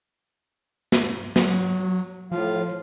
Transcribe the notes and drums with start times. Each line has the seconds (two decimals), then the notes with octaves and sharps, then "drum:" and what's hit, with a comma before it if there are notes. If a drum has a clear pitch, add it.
0.92 drum: snare
1.36 F#3, drum: snare
2.32 A2 F3 F4 F5